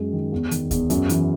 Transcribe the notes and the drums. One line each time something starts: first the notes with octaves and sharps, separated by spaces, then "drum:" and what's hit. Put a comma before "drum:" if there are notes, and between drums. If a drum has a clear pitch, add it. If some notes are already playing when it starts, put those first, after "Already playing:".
Already playing: F#2 G#3
D#3
E2
D#3, drum: hi-hat
E2, drum: kick D2, hi-hat
F#2, drum: hi-hat
E3, drum: hi-hat